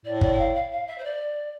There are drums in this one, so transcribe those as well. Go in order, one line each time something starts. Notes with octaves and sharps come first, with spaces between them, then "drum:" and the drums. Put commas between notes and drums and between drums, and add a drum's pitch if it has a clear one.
A2 D5
D5, drum: kick
G5
F5
F5
F5
E5
C5
D5